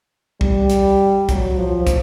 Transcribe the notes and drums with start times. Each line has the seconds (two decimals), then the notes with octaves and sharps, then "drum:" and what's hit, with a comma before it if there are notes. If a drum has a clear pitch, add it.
0.41 G3, drum: kick
0.70 drum: hi-hat
1.29 F#3, drum: kick, hi-hat
1.57 F3
1.87 drum: kick, hi-hat